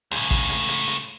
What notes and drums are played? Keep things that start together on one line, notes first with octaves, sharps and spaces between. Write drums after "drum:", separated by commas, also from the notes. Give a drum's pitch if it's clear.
C#2 A2, drum: hi-hat
drum: kick A1, hi-hat
drum: hi-hat
drum: hi-hat
drum: hi-hat